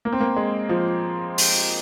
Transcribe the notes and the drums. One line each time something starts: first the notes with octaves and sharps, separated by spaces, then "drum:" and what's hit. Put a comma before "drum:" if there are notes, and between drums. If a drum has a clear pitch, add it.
A#3
C4
A#3
G#3
F3
drum: open hi-hat